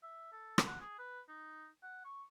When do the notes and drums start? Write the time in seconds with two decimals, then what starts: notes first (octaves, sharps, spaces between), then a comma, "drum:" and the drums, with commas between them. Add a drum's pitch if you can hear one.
0.03 E5
0.33 A4
0.58 drum: rim click
0.68 F#5
0.81 G#4
0.99 B4
1.28 D#4
1.83 F#5
2.05 C#6